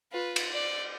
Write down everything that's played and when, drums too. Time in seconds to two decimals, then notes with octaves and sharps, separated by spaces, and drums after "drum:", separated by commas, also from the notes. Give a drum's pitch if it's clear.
0.13 F4 B4
0.36 drum: cymbal
0.53 D5